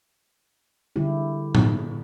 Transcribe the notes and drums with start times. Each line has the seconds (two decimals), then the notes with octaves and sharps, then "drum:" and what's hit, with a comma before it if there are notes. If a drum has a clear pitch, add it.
0.96 D3 G3 G#3 E4 G4
1.55 drum: tom A2